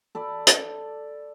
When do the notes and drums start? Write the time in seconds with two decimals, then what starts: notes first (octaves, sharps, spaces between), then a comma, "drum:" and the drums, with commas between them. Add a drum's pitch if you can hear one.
0.15 A4 D5 B5
0.47 drum: hi-hat